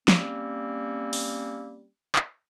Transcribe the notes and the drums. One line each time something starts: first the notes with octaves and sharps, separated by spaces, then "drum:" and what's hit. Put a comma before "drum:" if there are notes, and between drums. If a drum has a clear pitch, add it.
G3 A#3 C4 C#4, drum: snare
drum: open hi-hat
drum: clap